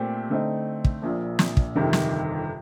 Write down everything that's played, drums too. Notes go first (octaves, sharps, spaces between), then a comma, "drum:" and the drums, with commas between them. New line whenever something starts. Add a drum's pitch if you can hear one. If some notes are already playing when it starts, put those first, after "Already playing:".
Already playing: A#2 A3 C4 G4
D3 A3 C4 D#4
drum: kick
A#1 A#2 F3
drum: snare
drum: kick
G1 F2 C3 D#3
drum: snare